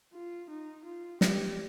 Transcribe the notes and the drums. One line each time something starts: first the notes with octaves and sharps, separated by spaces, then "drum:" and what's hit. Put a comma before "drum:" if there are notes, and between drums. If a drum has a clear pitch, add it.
F4
D#4
F4
G4, drum: snare